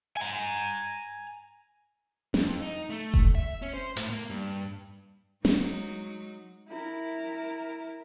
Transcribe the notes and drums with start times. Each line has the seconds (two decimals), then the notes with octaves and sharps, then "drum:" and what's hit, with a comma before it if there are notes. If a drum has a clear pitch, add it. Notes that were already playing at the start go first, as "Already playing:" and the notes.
0.17 G#5 A#5
2.34 F2, drum: snare
2.61 D#4
2.90 A3
3.14 drum: kick F1
3.35 E5
3.62 C#4
3.74 C5
3.96 A2, drum: hi-hat
4.10 A#3
4.30 G2
5.45 F#3 G#3 D#4, drum: snare
6.68 E4 A#4